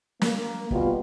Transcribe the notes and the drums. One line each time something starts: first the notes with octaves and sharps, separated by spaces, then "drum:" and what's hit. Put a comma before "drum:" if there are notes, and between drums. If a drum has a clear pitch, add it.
A#3, drum: snare
B2 G3 B3 F4, drum: kick